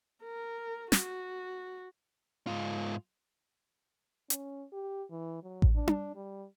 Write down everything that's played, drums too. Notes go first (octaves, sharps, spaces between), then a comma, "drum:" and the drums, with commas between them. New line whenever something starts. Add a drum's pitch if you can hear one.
A#4
F#4, drum: snare
G#2 F4
C#4, drum: hi-hat
G4
E3
F#3
drum: kick A1
D4
drum: tom D4
G3